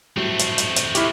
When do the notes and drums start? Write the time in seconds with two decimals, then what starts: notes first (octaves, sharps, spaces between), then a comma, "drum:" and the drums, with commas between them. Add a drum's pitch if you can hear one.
0.17 A2 F#3 G3 A3 C4
0.39 drum: hi-hat
0.58 drum: hi-hat
0.76 drum: hi-hat
0.95 E4 G4 C#6 F6 F#6, drum: hi-hat